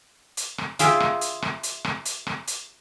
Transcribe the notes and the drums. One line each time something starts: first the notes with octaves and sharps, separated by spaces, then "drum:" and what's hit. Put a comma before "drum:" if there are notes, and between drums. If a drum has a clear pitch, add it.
drum: hi-hat
drum: rim click
F4 G#4 E5 G5, drum: hi-hat
drum: rim click
drum: hi-hat
drum: rim click
drum: hi-hat
drum: rim click
drum: hi-hat
drum: rim click
drum: hi-hat